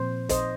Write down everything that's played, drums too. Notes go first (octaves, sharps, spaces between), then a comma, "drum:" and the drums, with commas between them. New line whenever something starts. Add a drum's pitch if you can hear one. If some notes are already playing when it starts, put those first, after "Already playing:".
Already playing: A#2 F3 C4 C5
C5 D#5, drum: kick, hi-hat